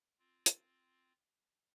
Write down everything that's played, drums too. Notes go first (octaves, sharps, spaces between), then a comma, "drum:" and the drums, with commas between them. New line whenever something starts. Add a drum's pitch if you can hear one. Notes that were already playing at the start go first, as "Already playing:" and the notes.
C4 F4
drum: hi-hat